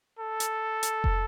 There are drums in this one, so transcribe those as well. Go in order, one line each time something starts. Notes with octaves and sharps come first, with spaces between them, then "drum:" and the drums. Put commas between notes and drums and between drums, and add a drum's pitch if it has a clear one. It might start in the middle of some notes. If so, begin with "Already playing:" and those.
A4
drum: hi-hat
drum: hi-hat
drum: kick F1